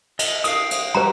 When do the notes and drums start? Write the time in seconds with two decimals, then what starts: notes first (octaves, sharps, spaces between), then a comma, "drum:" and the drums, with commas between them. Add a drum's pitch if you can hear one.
0.19 D#5, drum: cymbal
0.44 F5 D#6, drum: cymbal
0.71 drum: cymbal
0.95 G3 F#4 B4 A#5